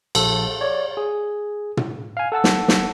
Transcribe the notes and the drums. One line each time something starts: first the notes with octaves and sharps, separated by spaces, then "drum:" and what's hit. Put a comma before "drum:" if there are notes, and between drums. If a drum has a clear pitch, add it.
A#1 A4, drum: cymbal
C#5 D5
G#4
drum: tom
F5 G#5
A4 F#5 A5 E6
drum: snare
drum: snare